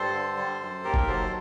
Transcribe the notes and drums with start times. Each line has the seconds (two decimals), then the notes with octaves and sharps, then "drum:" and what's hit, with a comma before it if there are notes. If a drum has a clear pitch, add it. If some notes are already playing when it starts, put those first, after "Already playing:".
Already playing: G2 A4 C5
0.13 D3
0.37 G3
0.60 F#2
0.84 D#2 G4 A#4
0.94 drum: kick F#1
1.08 F#3 A4 C5